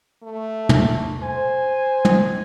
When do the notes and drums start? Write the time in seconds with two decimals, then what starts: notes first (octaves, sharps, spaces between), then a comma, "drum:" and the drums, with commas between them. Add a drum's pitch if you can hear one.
0.23 A3
0.69 drum: tom
1.23 C5 G#5
2.05 drum: tom